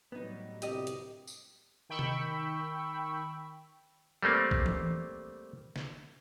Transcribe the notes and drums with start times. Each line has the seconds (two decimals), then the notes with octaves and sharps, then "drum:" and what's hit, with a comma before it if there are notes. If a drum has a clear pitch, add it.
0.12 A2 F#3 G3 B3 D#4
0.62 G1 C2 G4 D#5, drum: hi-hat
0.87 drum: hi-hat
1.27 drum: tambourine
1.89 D#3 G5 B5 C#6 E6
1.99 drum: tom C3
4.23 G3 A3 A#3 C4
4.51 drum: kick A#1
4.66 drum: tom E3
5.76 drum: snare